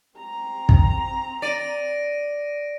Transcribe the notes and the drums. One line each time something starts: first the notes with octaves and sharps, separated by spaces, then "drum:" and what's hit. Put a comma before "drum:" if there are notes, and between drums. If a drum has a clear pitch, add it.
C4 A#5
drum: kick
D5 A#6 D7 D#7